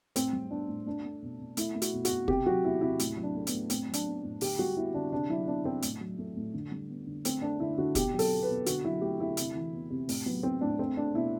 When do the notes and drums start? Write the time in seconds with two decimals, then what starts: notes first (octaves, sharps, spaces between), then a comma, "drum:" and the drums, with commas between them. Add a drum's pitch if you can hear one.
0.16 A2 C4, drum: hi-hat
0.33 G3
0.51 B3 D4
0.68 A2
0.86 A3 D4
1.05 A3
1.23 B2
1.40 B2
1.57 A3 E4, drum: hi-hat
1.75 A3
1.82 F#4, drum: hi-hat
1.93 B2
2.05 F#4, drum: hi-hat
2.11 B2
2.28 C3 G4, drum: kick
2.46 F#3 F#4
2.64 B3 E4
2.81 C3 E4
2.99 A2 E4, drum: hi-hat
3.17 F#3
3.23 D4
3.35 A3
3.47 B3, drum: hi-hat
3.53 A2
3.70 A2 C4, drum: hi-hat
3.88 F#3
3.93 D4, drum: hi-hat
4.06 B3
4.24 A2
4.41 D3 G4, drum: open hi-hat
4.59 G3 F#4
4.77 B3 E4
4.94 D3 D4
5.12 C3 D4
5.29 F#3 E4
5.47 B3 D4
5.65 C3 C4
5.82 A2, drum: hi-hat
6.01 F#3
6.18 A3
6.36 A2
6.54 D3
6.72 G3
6.89 B3
7.07 D3
7.25 A3 C4, drum: hi-hat
7.42 A3 D4
7.60 D3 E4
7.78 D3 F#4
7.95 B2 G4, drum: kick, hi-hat
8.14 F#3
8.19 A4, drum: open hi-hat
8.31 B3
8.42 B4
8.49 B2
8.66 D3 F#4, drum: hi-hat
8.85 F#3 E4
9.01 A3 G4
9.20 D3 E4
9.37 C3, drum: hi-hat
9.55 E3
9.73 B3
9.90 C3
10.09 A2 C4, drum: open hi-hat
10.26 F#3 B3
10.43 B3 C4
10.61 A2 D4
10.79 A3 C4
10.97 A3 D4
11.14 B2 E4